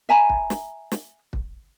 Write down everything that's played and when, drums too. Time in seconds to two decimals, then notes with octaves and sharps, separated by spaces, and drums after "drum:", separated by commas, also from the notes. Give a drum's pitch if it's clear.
0.09 E5 G#5 A#5 B5
0.29 drum: kick
0.50 drum: snare
0.92 drum: snare
1.33 drum: kick